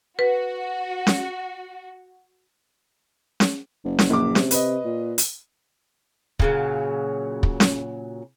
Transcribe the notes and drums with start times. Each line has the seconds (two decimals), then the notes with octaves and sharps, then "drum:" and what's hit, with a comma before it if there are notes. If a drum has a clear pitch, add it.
0.19 F#4 B4
1.07 drum: snare C#4
3.40 drum: snare C#4
3.84 F#1
3.99 drum: snare C#4
4.10 A#1 D6
4.35 C3, drum: snare C#4
4.51 B4 D#5, drum: hi-hat
4.85 A#2
5.18 drum: hi-hat
6.39 A#2 C#3 F#3, drum: kick
7.43 drum: kick
7.60 drum: snare C#4